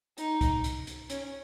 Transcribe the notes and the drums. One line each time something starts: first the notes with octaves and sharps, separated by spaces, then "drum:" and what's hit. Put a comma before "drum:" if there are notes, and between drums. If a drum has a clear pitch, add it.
D#4, drum: hi-hat
drum: kick C2, hi-hat
drum: hi-hat
drum: hi-hat
C#4, drum: hi-hat